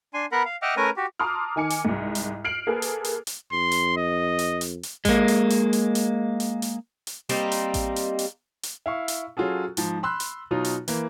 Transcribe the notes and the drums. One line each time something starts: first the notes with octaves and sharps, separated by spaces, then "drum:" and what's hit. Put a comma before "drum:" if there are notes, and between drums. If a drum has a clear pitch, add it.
D4 G#5 C6
B3 A#4 F#5 A#5 B5
F5
D#5 E5 F#5 G5 D6 F6
A3 C#4 A#4 B4 G#5 A#5
F#4 G4
A5 A#5 C6 D6 D#6 F6
D#3 D#4 G#5 D6 C#7
drum: hi-hat
C2 G#2
drum: hi-hat
F6 C7 D7 F#7
A#3 G#4 A4 B4
drum: hi-hat
drum: hi-hat
drum: hi-hat
F2 C6
drum: hi-hat
D#5
drum: hi-hat
drum: hi-hat
drum: hi-hat
G#3 A#3, drum: kick A1, hi-hat
drum: hi-hat
drum: hi-hat
drum: hi-hat
drum: hi-hat
drum: hi-hat
drum: hi-hat
drum: hi-hat
G3 A#3 C4 D#4, drum: hi-hat
drum: hi-hat
drum: kick A1, hi-hat
drum: hi-hat
drum: hi-hat
drum: hi-hat
E4 F5 C#6
drum: hi-hat
F#3 C#4 F4 F#4 G#4 A4
G#2 F3, drum: hi-hat
B5 C6 E6 F#6
drum: hi-hat
B2 F#3 D#4 F4
drum: hi-hat
E3 A#3, drum: hi-hat